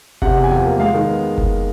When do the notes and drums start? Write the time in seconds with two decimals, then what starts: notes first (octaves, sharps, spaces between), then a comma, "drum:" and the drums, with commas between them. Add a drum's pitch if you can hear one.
0.22 C3 F#5, drum: kick F#1
0.37 E2
0.44 G#5
0.51 F3 G5
0.66 A#3
0.80 G#3 F5
0.94 D#3
1.09 B3
1.38 drum: kick F#1